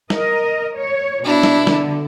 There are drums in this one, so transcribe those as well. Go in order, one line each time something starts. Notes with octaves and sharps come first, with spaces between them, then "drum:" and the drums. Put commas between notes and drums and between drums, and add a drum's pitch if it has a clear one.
A#4 D#5, drum: snare
C#5
B2 D4 E4
drum: snare
D3, drum: snare